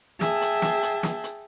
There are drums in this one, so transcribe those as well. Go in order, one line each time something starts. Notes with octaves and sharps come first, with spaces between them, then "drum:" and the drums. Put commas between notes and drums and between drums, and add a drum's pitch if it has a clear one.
G#4 E5 G5 A5, drum: snare
drum: hi-hat
drum: snare
drum: hi-hat
drum: snare
drum: hi-hat